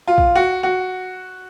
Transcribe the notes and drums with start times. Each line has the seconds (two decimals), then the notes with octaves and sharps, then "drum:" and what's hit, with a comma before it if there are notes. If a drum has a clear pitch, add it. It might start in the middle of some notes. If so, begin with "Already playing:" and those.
0.08 F4
0.18 drum: kick
0.35 F#4
0.63 F#4